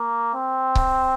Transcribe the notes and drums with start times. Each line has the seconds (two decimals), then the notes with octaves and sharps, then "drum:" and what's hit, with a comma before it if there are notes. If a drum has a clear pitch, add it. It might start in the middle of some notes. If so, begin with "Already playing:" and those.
Already playing: A#3
0.34 C4
0.75 drum: kick C#1